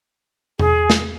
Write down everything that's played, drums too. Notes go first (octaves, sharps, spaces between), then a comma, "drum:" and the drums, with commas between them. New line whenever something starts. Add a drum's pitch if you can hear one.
G#4, drum: tom E2
drum: snare